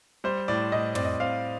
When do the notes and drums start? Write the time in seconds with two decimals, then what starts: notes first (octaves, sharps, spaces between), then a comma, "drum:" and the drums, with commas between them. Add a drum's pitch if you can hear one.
0.24 G3 C5
0.48 A2 D5
0.72 A2 D#5
0.95 C4 D5, drum: tom
1.04 D#5
1.20 C4 F5